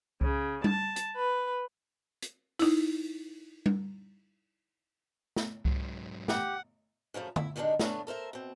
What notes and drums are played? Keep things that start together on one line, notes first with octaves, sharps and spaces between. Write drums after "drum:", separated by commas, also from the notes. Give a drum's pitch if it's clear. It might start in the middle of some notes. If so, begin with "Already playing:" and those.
C#3, drum: kick C2
A5, drum: tom G3
drum: hi-hat
B4
drum: hi-hat
D#4 E4, drum: open hi-hat
drum: tom G3
drum: snare
G#2 F#3, drum: kick C2
G4 F#5, drum: snare
F#2 C#3 F3 A3
E4 E5, drum: tom D3
C3 D#3 G#3 C4 D4 D#4
A3 B3 C#4 D4, drum: snare
A4 A#4 C5 E5
B2 C4